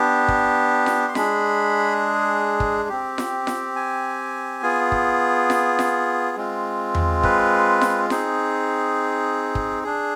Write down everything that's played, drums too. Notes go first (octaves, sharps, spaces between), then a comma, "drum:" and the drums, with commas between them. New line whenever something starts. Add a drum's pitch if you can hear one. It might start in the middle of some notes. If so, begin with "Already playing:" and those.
Already playing: B3 D4 G4
drum: kick
drum: snare F4
C6
G#3 D4 G#4 B5, drum: snare F4
drum: kick
C4 G4
drum: snare F4
drum: snare F4
G#5
B3 F4 G#4
drum: kick
drum: snare F4
drum: snare F4
G#3 C4 F4
drum: tom E2
B4, drum: kick
drum: snare F4
C4 D#4 G#4, drum: snare F4
drum: kick
D4 G#4